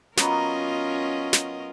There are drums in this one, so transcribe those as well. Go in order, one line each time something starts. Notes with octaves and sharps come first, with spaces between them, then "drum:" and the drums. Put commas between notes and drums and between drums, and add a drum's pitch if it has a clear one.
F#3 B3 C#4 F4 A#4 D#5, drum: snare
drum: snare